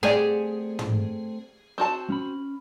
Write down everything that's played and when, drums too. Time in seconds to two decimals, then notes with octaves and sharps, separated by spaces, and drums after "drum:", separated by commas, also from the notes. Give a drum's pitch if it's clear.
0.03 A3 C4 G4 G#4 D5 F#5
0.79 drum: tom
1.78 C4 F#4 A5
2.10 C#4 B5